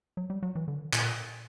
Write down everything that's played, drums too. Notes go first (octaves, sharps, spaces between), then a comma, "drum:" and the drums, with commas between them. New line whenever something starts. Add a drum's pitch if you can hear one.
F#3
G3
F#3
E3
D3
A#2, drum: clap